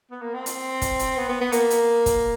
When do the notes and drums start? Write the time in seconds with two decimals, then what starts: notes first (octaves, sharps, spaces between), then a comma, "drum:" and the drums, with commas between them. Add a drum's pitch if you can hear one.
0.11 B3
0.22 A#3
0.34 C4
0.46 drum: hi-hat
0.81 drum: kick, hi-hat
0.99 drum: hi-hat
1.17 B3
1.29 B3
1.41 B3
1.52 A#3, drum: hi-hat
1.70 drum: hi-hat
2.06 drum: kick, hi-hat